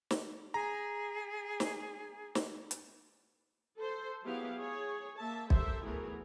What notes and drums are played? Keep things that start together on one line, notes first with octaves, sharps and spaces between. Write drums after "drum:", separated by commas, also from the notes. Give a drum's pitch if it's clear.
drum: snare
G#4 A#5
drum: snare
drum: snare
drum: hi-hat
A4 C5
F#3 B3 E4 G4 G#4 F5
G#4 C#5
A#3 E5 A5
G4 A4 A#4 C5 E5, drum: kick B1
E3 F#3 A3 B3 G#4 A#4